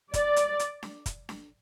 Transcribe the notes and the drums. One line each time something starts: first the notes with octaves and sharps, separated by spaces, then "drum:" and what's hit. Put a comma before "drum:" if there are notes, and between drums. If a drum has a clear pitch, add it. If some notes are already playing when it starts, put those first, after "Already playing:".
D5, drum: kick, hi-hat
drum: hi-hat
drum: hi-hat
drum: snare D4
drum: kick, hi-hat
drum: snare D4